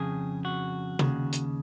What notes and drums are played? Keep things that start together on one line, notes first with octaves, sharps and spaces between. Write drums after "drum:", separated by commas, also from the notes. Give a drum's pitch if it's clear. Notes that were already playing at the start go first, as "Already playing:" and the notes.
Already playing: F2 C#3 G#4
F#4
D#2 C#3, drum: tom C3
drum: hi-hat